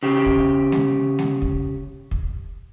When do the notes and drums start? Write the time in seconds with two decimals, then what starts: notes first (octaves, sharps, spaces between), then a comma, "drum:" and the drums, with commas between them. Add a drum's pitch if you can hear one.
0.03 C#3 G4
0.26 drum: kick
0.72 drum: snare G#3
1.19 drum: snare G#3
1.42 drum: kick
2.11 drum: kick